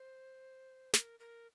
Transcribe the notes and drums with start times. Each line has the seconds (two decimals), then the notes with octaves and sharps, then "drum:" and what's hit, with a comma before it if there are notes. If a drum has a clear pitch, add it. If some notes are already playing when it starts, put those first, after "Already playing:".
Already playing: C5
0.94 A#4, drum: snare
1.20 A#4